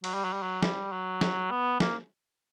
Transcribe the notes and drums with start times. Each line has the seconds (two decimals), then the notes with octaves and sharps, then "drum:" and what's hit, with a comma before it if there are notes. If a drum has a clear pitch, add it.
0.04 F#3, drum: cymbal
0.14 G3
0.24 F#3
0.33 G3
0.43 F#3
0.63 G3, drum: snare
0.92 F#3
1.21 drum: snare
1.51 B3
1.80 A#3, drum: snare